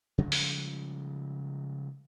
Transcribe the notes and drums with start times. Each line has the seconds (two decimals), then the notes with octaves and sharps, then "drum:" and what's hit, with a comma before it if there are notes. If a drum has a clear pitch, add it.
0.18 C#3 F3 G3 G#3
0.32 drum: open hi-hat